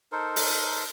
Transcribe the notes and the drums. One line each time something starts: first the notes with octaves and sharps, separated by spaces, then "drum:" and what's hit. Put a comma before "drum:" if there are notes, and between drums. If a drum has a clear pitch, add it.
D#4 A4 A#4 C5
drum: open hi-hat